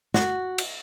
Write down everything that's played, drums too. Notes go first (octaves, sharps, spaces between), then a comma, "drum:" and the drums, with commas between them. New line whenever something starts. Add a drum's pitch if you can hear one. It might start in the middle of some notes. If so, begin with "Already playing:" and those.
F#4, drum: snare
drum: cymbal